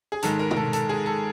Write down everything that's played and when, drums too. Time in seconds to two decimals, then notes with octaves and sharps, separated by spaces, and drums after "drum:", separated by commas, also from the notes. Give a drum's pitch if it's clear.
0.12 G#4
0.22 G#2 D#3 G#3 A4, drum: hi-hat
0.39 A#4
0.51 A#4, drum: tom B2
0.57 A4
0.73 A4, drum: hi-hat
0.89 G#4
1.06 A4